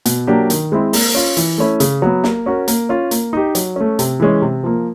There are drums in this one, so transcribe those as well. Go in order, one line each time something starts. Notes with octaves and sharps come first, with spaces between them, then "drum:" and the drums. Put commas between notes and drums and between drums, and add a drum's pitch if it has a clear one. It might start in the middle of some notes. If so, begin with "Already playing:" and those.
B2, drum: hi-hat
F#3 A#3 D4 G4
D#3, drum: hi-hat
G#3 C4 E4
A#3, drum: open hi-hat
C#4 F4
E3, drum: hi-hat
A3 C#4 E4
C#3, drum: hi-hat
F#3 B3
A#3, drum: snare
C#4 F#4 A#4
A#3, drum: hi-hat
C#4 F4
A#3, drum: hi-hat
D#4 G4
F#3, drum: hi-hat
A3 C#4
C3, drum: hi-hat
E3 G#3 C#4
C3
F3 A#3